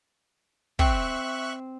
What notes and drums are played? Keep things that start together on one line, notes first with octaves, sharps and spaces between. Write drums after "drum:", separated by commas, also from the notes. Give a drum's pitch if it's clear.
C4 E5 C#6 F#6, drum: kick